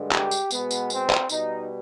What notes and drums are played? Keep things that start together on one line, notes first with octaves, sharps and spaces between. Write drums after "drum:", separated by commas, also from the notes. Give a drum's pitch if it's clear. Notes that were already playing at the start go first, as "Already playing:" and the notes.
Already playing: G2 D3 G#3
G4, drum: clap
drum: tambourine
B2 G#3 B3, drum: tambourine
drum: tambourine
C4, drum: tambourine
drum: clap
B2 G3 D#4, drum: tambourine